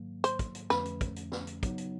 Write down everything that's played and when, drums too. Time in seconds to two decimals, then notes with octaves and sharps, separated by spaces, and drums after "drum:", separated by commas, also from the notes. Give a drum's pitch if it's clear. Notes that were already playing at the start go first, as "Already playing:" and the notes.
Already playing: G#2 D#3 F#3 A#3
0.24 C5, drum: hi-hat
0.39 drum: kick, hi-hat
0.55 drum: hi-hat
0.70 F2 D3 F3 A3 C#4 B4, drum: snare
0.86 drum: hi-hat
1.01 drum: kick, hi-hat
1.16 drum: hi-hat
1.32 drum: snare
1.47 drum: hi-hat
1.63 C#3 F#3 B3 D#4, drum: kick, hi-hat
1.78 drum: hi-hat